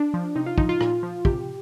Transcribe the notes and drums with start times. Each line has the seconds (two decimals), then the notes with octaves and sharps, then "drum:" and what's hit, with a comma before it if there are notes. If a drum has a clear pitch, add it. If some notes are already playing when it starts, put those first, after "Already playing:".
Already playing: D4
0.14 F3
0.36 C3 D#4
0.46 F4
0.58 F3 D#4, drum: kick
0.69 F4
0.81 A#2, drum: rim click
1.03 F3
1.25 C3 G4, drum: kick